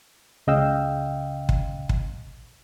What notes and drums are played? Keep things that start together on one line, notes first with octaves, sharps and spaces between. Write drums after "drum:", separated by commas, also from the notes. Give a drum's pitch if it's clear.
C#2 C#3 D#5 F5 G5 E6
drum: kick
drum: kick